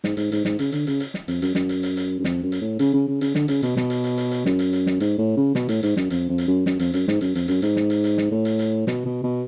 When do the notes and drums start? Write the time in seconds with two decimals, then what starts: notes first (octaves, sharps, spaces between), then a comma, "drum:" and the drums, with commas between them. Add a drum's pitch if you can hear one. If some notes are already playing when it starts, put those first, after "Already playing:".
0.04 G#2, drum: snare
0.17 G#2, drum: hi-hat
0.32 G#2, drum: hi-hat
0.45 G#2, drum: snare
0.59 C#3, drum: hi-hat
0.72 D3, drum: hi-hat
0.87 C#3, drum: hi-hat
1.00 drum: hi-hat
1.14 drum: snare
1.28 F2, drum: hi-hat
1.42 F#2, drum: hi-hat
1.55 F#2, drum: snare
1.69 drum: hi-hat
1.83 drum: hi-hat
1.97 drum: hi-hat
2.19 F#2
2.24 F2, drum: snare
2.43 F#2
2.52 drum: hi-hat
2.61 A2
2.79 C#3, drum: hi-hat
2.93 C#3
3.07 C#3
3.21 C#3, drum: hi-hat
3.35 D3, drum: snare
3.48 C#3, drum: hi-hat
3.63 B2, drum: hi-hat
3.77 B2, drum: snare
3.90 drum: hi-hat
4.04 drum: hi-hat
4.17 drum: hi-hat
4.31 drum: hi-hat
4.45 F#2, drum: snare
4.59 drum: hi-hat
4.73 drum: hi-hat
4.86 drum: snare
5.00 G#2, drum: hi-hat
5.18 A2
5.37 C#3
5.55 B2, drum: snare
5.69 A2, drum: hi-hat
5.83 G#2, drum: hi-hat
5.97 F#2, drum: snare
6.10 F2, drum: hi-hat
6.29 F2
6.38 drum: hi-hat
6.47 F#2
6.66 F#2, drum: snare
6.79 F2, drum: hi-hat
6.94 F#2, drum: hi-hat
7.08 G#2, drum: snare
7.21 F#2, drum: hi-hat
7.35 F2, drum: hi-hat
7.48 F#2, drum: hi-hat
7.62 G#2, drum: hi-hat
7.76 drum: snare
7.90 drum: hi-hat
8.04 drum: hi-hat
8.17 drum: snare
8.31 A2
8.45 drum: hi-hat
8.59 drum: hi-hat
8.87 B2, drum: snare
9.05 B2
9.24 B2